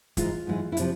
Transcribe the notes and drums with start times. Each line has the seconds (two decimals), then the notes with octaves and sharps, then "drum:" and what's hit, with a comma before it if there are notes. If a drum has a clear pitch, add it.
0.17 G#2 E3 G#3 F4, drum: kick, hi-hat
0.47 G#2 E3 G#3
0.72 E4
0.77 C3 F3 D4, drum: hi-hat